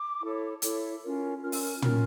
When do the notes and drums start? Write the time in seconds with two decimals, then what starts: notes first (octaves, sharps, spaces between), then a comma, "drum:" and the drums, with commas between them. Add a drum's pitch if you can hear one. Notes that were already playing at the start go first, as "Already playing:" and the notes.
Already playing: D6
0.22 E4 A4 C#5
0.62 E4 A4 C#5 D6, drum: hi-hat
1.02 C#4 F4 A#4
1.42 C#4 F4 A#4 F6
1.52 E6, drum: open hi-hat
1.61 F6
1.72 F6
1.82 C#4 F4 A#4 F6, drum: tom